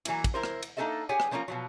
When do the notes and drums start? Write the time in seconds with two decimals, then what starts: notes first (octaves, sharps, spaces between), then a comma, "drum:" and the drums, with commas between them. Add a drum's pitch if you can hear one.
0.05 E3 F#3 A#3 E4, drum: cymbal
0.24 drum: kick, cymbal
0.34 E4 A#4 C5
0.43 drum: rim click
0.63 drum: cymbal
0.77 A#3 D4 D#4 A4 D#5 E5
1.09 G4 G#4 C#5 F#5 G#5
1.20 drum: rim click
1.31 F3 A#3 C#4 E4 F4 A#4
1.48 B2 F3 F#3